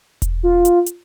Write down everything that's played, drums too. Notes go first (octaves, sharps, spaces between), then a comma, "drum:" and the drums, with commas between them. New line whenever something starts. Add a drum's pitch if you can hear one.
drum: kick E1, hi-hat
F4
drum: hi-hat
drum: hi-hat